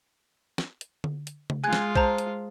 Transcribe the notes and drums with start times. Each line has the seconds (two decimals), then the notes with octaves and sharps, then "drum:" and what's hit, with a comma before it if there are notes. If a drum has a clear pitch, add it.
0.58 drum: snare
0.81 drum: hi-hat
1.04 drum: tom D3
1.27 drum: hi-hat
1.50 drum: tom C#3
1.64 G#3 F4 G#5 F#6 G#6
1.73 drum: snare
1.96 C5 A5 A#5, drum: kick B1
2.18 drum: hi-hat